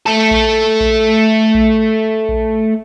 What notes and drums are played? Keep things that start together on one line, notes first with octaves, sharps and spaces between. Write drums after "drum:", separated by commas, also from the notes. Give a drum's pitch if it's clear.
A3 A4
drum: kick A#1
drum: kick A#1
drum: kick A#1
drum: kick A#1